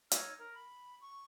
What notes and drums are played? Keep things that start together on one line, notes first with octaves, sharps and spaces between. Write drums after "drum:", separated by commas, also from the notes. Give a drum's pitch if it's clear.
D#4 C#5 E6 F6, drum: hi-hat
A#4 A#5
B5
C#6